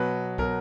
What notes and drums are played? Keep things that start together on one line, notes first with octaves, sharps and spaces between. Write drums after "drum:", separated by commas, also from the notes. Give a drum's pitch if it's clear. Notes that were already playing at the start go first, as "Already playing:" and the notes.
Already playing: B2 F#3 B4
B2 F#3 A#4, drum: kick